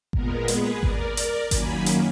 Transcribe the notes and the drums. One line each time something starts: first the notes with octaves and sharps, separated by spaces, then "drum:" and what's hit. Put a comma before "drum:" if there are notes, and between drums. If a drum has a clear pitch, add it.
A#2 G#3 B3 A#4, drum: kick G#1
G#4 B4, drum: hi-hat
A#4 D5, drum: kick G#1
drum: hi-hat
F#2 D#3 F#3 A#3 G#5 B5, drum: kick G#1, hi-hat
drum: hi-hat